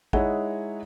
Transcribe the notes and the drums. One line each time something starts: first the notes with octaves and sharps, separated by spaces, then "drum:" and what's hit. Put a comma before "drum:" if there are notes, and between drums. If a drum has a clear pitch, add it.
G#3 D#4 E4 G#4 C#5 F#5, drum: kick A1